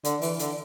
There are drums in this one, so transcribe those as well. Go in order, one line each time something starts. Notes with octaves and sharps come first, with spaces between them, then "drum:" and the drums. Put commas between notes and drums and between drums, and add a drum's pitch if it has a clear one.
D3, drum: hi-hat
E3, drum: open hi-hat
D3, drum: hi-hat